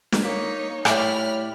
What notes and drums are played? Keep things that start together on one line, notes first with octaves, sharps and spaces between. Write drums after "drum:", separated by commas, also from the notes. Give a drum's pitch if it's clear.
drum: snare
A#3 D#4 C#5 B6
A2 A3 G4 C#5 D5 E5 B5 F6, drum: rim click